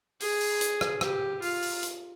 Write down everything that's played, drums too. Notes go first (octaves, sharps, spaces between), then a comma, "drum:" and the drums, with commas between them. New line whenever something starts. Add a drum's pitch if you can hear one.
G#4, drum: open hi-hat
drum: open hi-hat
drum: hi-hat
drum: rim click
G4, drum: rim click
F4, drum: open hi-hat
drum: open hi-hat
drum: hi-hat